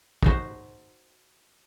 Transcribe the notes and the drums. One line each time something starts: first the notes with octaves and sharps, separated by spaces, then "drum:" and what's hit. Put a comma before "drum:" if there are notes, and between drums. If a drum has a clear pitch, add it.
D#4 F#4 C5, drum: kick